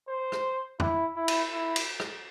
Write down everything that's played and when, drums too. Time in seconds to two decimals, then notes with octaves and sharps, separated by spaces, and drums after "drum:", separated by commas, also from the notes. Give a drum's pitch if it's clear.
0.08 C5
0.32 drum: rim click
0.80 E4, drum: tom
1.16 E4
1.28 drum: cymbal
1.52 E4
1.76 drum: cymbal
2.00 drum: rim click